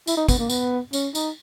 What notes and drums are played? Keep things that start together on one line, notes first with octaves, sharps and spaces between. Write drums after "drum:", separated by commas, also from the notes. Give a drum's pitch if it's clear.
E4, drum: tambourine
D#4
B3, drum: kick, tambourine
A#3
B3, drum: tambourine
C#4, drum: tambourine
D#4, drum: tambourine